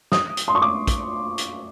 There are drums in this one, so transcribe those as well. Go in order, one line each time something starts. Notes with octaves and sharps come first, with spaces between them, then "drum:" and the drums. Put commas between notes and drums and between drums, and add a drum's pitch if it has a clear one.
D#6, drum: snare
drum: hi-hat
C6
C#6
D6
drum: kick, hi-hat
drum: hi-hat